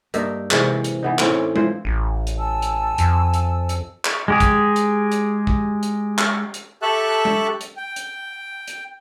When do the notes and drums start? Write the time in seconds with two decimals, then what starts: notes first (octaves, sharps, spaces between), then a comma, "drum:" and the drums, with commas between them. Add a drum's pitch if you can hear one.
0.14 G2 A#3 D#4 E5, drum: hi-hat
0.51 G#2 C3 E3 A#4, drum: clap
0.84 drum: hi-hat
1.03 E3 B3 D#4
1.19 A2 C4 C#4, drum: clap
1.56 E3 F3 C5, drum: tom G#3
1.85 A1
2.27 drum: hi-hat
2.38 G#5 A5 E6
2.62 drum: hi-hat
2.98 F2, drum: hi-hat
3.34 drum: hi-hat
3.69 drum: hi-hat
4.05 drum: clap
4.28 G#3 G4 G#4
4.40 drum: kick, hi-hat
4.76 drum: hi-hat
5.12 drum: hi-hat
5.47 drum: kick
5.83 drum: hi-hat
6.18 drum: clap
6.54 drum: hi-hat
6.82 G4 A4 E5 A5 C#6 F#6
7.25 drum: tom G#3
7.61 drum: hi-hat
7.77 G5
7.96 drum: hi-hat
8.68 drum: hi-hat